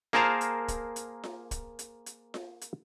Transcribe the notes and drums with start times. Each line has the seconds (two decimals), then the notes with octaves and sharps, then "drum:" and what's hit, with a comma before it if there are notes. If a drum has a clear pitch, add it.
0.13 A#3 G#4 A#4 C5 A5 A#5, drum: snare F4
0.41 drum: hi-hat
0.68 drum: kick, hi-hat
0.96 drum: hi-hat
1.24 drum: snare F4
1.51 drum: kick, hi-hat
1.79 drum: hi-hat
2.06 drum: hi-hat
2.34 drum: snare F4
2.61 drum: hi-hat